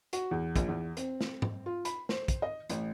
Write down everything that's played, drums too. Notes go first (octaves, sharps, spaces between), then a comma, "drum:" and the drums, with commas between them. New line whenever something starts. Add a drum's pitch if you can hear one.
F#4, drum: hi-hat
E2
A#1, drum: kick, hi-hat
E2
C4, drum: hi-hat
drum: snare
drum: tom G#2
F4
B5, drum: hi-hat
C5, drum: snare
drum: kick, hi-hat
D#5
A1, drum: hi-hat